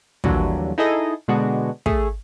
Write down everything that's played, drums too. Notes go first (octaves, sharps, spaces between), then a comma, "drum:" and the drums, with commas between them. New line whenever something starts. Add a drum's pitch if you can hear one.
D#2 A#2 D3 E3 F#3 G3, drum: kick
D#4 E4 G#4 A4 D#5
B2 D3 G#3 B3 D4 F#4
A3 G#4, drum: kick